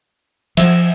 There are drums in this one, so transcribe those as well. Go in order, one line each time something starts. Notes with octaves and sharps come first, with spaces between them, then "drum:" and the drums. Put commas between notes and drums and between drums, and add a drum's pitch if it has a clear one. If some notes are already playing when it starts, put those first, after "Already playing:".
F3 E5, drum: cymbal